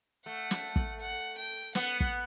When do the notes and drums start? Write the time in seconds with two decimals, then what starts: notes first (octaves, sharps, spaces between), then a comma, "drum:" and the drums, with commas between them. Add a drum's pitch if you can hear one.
0.26 A3 F#5
0.51 drum: snare
0.76 drum: kick
1.01 F#5
1.38 G5
1.75 B3 F#5, drum: snare
2.00 drum: kick